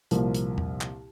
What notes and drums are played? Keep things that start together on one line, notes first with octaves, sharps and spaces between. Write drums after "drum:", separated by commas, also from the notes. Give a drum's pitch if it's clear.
C2 A#2 F3 A#3, drum: hi-hat
drum: hi-hat
drum: tom E2
drum: clap